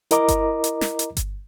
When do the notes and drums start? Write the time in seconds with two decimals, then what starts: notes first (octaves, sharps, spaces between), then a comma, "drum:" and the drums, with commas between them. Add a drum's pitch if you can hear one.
0.11 E4 A#4 D#5 A#5 D6, drum: hi-hat
0.28 drum: kick G1, hi-hat
0.64 drum: hi-hat
0.81 drum: snare
0.99 drum: hi-hat
1.17 drum: kick G1, hi-hat